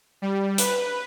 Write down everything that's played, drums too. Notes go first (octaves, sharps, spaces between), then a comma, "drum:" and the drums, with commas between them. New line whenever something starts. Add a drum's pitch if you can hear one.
G3
B4, drum: hi-hat